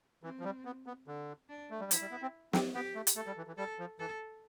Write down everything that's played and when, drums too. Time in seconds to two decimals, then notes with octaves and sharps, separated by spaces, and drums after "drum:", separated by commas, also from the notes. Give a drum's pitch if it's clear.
0.23 E3 C4
0.39 F3
0.44 G3
0.65 B3
0.86 B3
1.08 D3
1.49 D4
1.71 A3
1.80 G3
1.91 F3 E4, drum: hi-hat
2.01 G3
2.11 B3
2.22 C4
2.53 C4, drum: snare
2.74 B3 G4
2.95 A3
3.07 drum: hi-hat
3.16 A3 A4
3.27 G3
3.37 E3
3.47 E3
3.58 G3 A4
3.79 F3
3.99 E3 A4